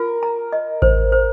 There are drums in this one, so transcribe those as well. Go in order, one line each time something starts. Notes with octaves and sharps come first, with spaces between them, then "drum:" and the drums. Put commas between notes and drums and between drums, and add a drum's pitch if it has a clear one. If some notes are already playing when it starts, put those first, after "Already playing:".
Already playing: F4 A#4
A#5
D#5
C5, drum: kick A1
C5